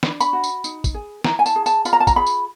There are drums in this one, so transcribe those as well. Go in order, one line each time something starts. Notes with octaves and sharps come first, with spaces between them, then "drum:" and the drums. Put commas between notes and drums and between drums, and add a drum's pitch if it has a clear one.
D4 B5, drum: snare
B5, drum: tambourine
F#4
drum: tambourine
D#4, drum: tambourine
drum: kick, tambourine
G#4
E4 A#5, drum: snare
G#5
A5, drum: tambourine
G#4
A5, drum: tambourine
F4 B5, drum: tambourine
A#5
A5
A#5, drum: kick, tambourine
G#4 B5
drum: tambourine